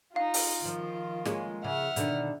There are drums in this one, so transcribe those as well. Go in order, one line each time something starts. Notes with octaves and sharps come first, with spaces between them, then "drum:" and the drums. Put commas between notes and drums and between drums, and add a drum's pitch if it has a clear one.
D#4 F4 F5
drum: open hi-hat
D#3 F3
G#3 A#3 C#4, drum: snare
C#3 E5 F#5 F6
B2 D3 D#3, drum: hi-hat